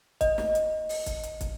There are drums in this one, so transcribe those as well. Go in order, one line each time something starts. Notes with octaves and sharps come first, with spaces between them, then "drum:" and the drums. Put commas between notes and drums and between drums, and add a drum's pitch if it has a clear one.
D#5, drum: kick, hi-hat
drum: snare
drum: hi-hat
drum: open hi-hat
drum: kick, hi-hat
drum: hi-hat
drum: kick, hi-hat